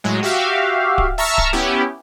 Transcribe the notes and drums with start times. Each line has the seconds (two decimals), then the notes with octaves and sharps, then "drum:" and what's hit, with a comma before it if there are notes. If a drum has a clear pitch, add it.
0.04 A2 F#3 G#3
0.23 F#4 G4 E5 F5
0.98 drum: kick D1
1.18 E5 A5 A#5 C#6 E6 F6
1.38 drum: kick D1
1.53 B3 C#4 E4 G4